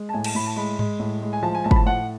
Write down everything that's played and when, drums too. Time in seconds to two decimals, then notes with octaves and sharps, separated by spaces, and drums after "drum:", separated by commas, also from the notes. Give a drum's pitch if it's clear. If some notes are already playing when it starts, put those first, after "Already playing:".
Already playing: G#3
0.09 A5
0.13 A2 G#5
0.24 A5, drum: cymbal
0.35 A2 B5
0.47 A5
0.56 G#3 B5
0.79 G#3, drum: tom G#2
1.00 A2
1.22 G#3
1.33 G#5
1.43 F3 A5
1.55 G#5
1.64 A2 A5
1.71 B5, drum: kick G1
1.76 A5
1.86 A2 F#5